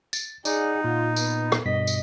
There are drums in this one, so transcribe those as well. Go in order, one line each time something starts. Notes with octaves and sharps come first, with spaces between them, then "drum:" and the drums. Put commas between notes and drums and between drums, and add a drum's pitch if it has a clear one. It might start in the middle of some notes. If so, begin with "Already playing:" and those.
A6, drum: tambourine
D#4 G#4 D5 F#5, drum: tambourine
A#2 F4
B3, drum: tambourine
drum: rim click
G2 B2 D#5 B6
drum: tambourine